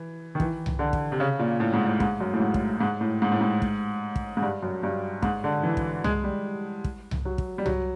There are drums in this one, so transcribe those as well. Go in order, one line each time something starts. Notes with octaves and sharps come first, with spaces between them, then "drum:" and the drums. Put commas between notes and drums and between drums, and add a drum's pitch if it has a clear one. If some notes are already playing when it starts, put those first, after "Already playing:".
Already playing: E3
D#3
E3, drum: kick
drum: tom C2
D3
drum: kick
C3
C#3
A#2
A2
G#2
A2
G#2, drum: kick
F#2
A2
G#2
drum: kick
G#2
A2
G#2
A2
G#2
drum: kick
drum: kick
G#2
G2
F#2
G2
G#2, drum: kick
D3
E3
drum: kick
G#3, drum: tom C2
G3
drum: kick
drum: tom C2
F#3
drum: kick
G3
F#3, drum: tom C2